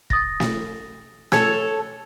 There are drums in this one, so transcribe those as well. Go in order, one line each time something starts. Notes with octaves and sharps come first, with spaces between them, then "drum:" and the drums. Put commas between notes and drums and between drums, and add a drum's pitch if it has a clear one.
D#6 A6 A#6, drum: kick
drum: snare
A4 C#5 E6, drum: snare